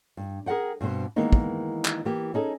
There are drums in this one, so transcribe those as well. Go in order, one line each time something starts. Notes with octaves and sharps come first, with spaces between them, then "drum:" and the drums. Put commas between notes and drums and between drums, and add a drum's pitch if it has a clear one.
G2
G#4 A#4 D5 F#5 G5
G2 B2 C4 C5
D#3 E3 G#3 A#3 B3 D#4
drum: kick
drum: clap
E3 A#3 G4
C#4 D#4 G#4 A4